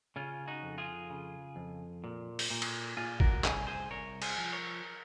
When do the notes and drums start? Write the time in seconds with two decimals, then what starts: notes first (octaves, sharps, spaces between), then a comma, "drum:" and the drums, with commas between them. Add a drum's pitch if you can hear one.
0.16 C#3 C#4 F4
0.48 D#4 F#4
0.63 F2
0.78 F4 G#4
1.10 C#3
1.56 F2
2.04 A#2
2.39 drum: open hi-hat
2.51 A#2
2.62 drum: cymbal
2.97 A#2 F4 G#4
3.20 F#4 A#4, drum: kick
3.44 C2 G#4 C5, drum: clap
3.67 G#4 C5
3.91 C2 A#4 C#5
4.22 G#4 C5, drum: cymbal
4.38 F3
4.53 A#4 C#5